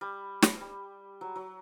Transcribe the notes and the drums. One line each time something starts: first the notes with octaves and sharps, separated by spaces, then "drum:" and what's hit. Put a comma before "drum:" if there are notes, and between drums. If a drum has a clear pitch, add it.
G3
drum: snare
G3
F#3
F#3